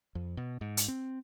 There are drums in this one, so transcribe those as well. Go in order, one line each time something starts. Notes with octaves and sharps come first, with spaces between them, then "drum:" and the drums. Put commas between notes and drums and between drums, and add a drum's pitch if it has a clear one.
F2
B2
G#2
drum: hi-hat
C4